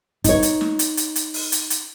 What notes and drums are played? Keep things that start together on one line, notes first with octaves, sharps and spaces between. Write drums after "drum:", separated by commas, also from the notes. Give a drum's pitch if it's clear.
D#4 C#5, drum: kick, hi-hat
drum: hi-hat
drum: snare
drum: hi-hat
drum: hi-hat
drum: hi-hat
drum: open hi-hat
drum: hi-hat
drum: hi-hat